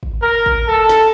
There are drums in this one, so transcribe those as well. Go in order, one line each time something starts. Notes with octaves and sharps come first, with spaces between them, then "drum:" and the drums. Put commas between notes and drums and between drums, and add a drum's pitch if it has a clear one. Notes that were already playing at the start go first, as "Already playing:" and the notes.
drum: kick
A#4
drum: kick
A4
drum: snare